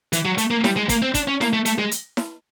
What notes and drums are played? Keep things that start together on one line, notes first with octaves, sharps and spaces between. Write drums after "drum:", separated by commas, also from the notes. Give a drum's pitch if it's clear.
E3, drum: hi-hat
F#3
A3, drum: hi-hat
A#3
G3, drum: snare E4
G#3
A#3, drum: kick, hi-hat
C4
D4, drum: kick, hi-hat
C#4
A#3, drum: snare E4
A3
A3, drum: hi-hat
G#3
drum: hi-hat
drum: snare E4